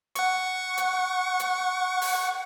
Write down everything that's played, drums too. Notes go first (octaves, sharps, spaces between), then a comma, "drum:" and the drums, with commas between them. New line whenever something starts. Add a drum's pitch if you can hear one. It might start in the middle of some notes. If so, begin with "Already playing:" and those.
F#5 C#6, drum: hi-hat
drum: hi-hat
drum: hi-hat
drum: open hi-hat